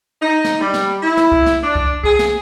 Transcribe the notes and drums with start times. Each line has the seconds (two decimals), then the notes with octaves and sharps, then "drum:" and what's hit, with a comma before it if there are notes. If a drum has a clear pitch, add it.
0.22 D#4
0.44 drum: snare
0.59 G3
0.74 drum: snare
1.03 E4
1.17 drum: snare
1.32 drum: kick C2
1.46 drum: snare
1.63 D4
1.75 drum: kick C2
2.04 G#4, drum: kick C2
2.19 drum: snare